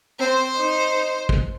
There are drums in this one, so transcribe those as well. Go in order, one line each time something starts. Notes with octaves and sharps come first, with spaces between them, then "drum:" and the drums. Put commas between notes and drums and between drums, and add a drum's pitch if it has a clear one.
C4 C5
D#4
drum: kick